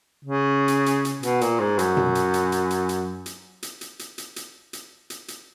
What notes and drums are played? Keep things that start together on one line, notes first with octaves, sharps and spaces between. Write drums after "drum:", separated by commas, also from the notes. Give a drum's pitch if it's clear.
C#3
drum: hi-hat
drum: hi-hat
drum: hi-hat
B2, drum: hi-hat
A#2, drum: hi-hat
G#2
F#2, drum: hi-hat
drum: tom B2
drum: hi-hat
drum: hi-hat
drum: hi-hat
drum: hi-hat
drum: hi-hat
drum: hi-hat
drum: hi-hat
drum: hi-hat
drum: hi-hat
drum: hi-hat
drum: hi-hat
drum: hi-hat
drum: hi-hat
drum: hi-hat